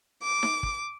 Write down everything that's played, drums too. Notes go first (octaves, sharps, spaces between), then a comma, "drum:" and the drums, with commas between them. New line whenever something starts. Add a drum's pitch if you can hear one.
D6
drum: snare D#4
drum: kick